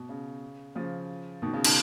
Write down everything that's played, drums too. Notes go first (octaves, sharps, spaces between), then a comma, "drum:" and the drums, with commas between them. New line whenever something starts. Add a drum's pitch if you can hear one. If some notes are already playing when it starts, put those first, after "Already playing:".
Already playing: B2
C#3
C#3 F3
B2 D#3
C#3
B2 D#3, drum: cymbal